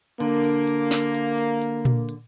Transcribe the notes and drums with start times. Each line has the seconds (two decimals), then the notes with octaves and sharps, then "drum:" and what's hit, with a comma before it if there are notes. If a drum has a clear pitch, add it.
0.20 D3 A#3, drum: hi-hat
0.44 drum: hi-hat
0.68 drum: hi-hat
0.91 drum: snare
1.15 drum: hi-hat
1.38 drum: hi-hat
1.62 drum: hi-hat
1.85 drum: tom A#2
2.09 drum: hi-hat